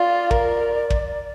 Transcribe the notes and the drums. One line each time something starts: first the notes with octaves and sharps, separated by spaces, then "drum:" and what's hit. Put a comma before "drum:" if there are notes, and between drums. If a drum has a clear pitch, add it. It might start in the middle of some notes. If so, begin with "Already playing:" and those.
Already playing: F4 D5
A#4, drum: kick
drum: kick